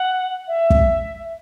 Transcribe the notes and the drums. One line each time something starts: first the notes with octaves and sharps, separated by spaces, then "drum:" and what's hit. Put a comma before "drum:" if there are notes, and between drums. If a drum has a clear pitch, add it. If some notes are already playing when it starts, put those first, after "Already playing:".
Already playing: F#5
E5
drum: kick